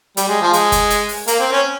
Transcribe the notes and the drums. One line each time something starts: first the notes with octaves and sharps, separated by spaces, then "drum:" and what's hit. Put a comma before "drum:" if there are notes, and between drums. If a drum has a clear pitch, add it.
G3, drum: hi-hat
G#3
F3
G#3, drum: hi-hat
drum: kick F#1, hi-hat
drum: hi-hat
drum: open hi-hat
A#3, drum: hi-hat
C4
C#4